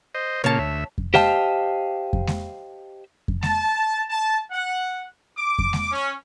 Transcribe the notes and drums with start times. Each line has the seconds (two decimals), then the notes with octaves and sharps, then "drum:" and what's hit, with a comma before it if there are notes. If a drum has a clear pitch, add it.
0.15 C5 D#5
0.44 A#2 C#3 A#3 C#5 A5
0.59 D2 E5
0.98 drum: kick F2
1.14 G4 C5 D#5 F5 G5 A5, drum: snare G#3
2.13 drum: kick F2
2.27 drum: snare G#3
3.28 drum: kick F2
3.43 A5, drum: snare G#3
4.09 A5
4.51 F#5
5.36 D6
5.59 drum: kick F2
5.73 drum: snare G#3
5.91 C#4